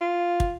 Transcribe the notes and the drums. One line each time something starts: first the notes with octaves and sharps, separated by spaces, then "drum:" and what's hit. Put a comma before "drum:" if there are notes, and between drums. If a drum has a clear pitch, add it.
F4
drum: kick